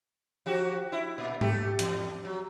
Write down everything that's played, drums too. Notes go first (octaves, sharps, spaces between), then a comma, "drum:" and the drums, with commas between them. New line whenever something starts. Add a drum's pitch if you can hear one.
F3 F#4 G4
E4
A#2
A3 G4, drum: tom G#2
E2, drum: hi-hat
F#3